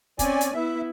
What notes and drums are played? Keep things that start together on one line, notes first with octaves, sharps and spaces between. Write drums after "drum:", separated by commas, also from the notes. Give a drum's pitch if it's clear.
C4 C#4 D5 G#5, drum: kick, hi-hat
drum: hi-hat
B3 E4 E5